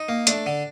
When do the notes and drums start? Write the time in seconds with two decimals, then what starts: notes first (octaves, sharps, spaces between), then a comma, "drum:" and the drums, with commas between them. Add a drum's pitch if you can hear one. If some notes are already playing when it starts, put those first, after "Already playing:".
Already playing: D#4
0.09 A#3
0.27 A3 D4, drum: hi-hat
0.46 D3